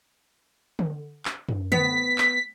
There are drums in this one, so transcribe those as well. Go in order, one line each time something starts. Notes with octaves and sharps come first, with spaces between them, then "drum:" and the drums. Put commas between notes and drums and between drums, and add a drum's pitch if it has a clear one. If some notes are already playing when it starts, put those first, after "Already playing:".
drum: tom D3
drum: clap
drum: tom F#2
B3 B6, drum: tom D3
drum: clap